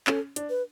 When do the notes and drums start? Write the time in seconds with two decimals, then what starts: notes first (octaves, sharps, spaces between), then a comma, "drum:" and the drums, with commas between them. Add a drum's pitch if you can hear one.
0.07 C#4 A4, drum: clap
0.36 D4, drum: hi-hat
0.49 B4